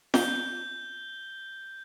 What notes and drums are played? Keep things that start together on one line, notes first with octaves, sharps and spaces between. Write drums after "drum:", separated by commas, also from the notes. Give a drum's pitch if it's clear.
G6 G7, drum: snare